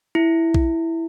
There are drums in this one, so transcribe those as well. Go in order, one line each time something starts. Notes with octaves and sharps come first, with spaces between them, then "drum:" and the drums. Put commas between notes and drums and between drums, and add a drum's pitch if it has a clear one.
E4
drum: kick B1